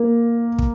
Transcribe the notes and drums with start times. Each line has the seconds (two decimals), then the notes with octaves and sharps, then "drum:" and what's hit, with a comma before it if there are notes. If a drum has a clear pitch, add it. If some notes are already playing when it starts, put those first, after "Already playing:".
Already playing: A#3
0.58 drum: kick